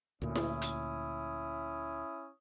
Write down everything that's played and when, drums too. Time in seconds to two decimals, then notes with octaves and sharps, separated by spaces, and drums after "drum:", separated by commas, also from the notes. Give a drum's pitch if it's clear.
0.22 D2 A#2 C#4 E4 D#6
0.35 drum: snare E4
0.62 drum: hi-hat